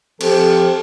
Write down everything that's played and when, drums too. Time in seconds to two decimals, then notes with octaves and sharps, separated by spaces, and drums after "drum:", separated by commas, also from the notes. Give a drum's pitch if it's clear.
0.21 F3 C4 G4 A4, drum: cymbal